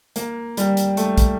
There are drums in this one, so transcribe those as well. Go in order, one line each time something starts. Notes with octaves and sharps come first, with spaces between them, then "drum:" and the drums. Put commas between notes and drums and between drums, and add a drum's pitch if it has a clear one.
A#3, drum: hi-hat
G3, drum: hi-hat
drum: hi-hat
A3, drum: hi-hat
drum: kick, hi-hat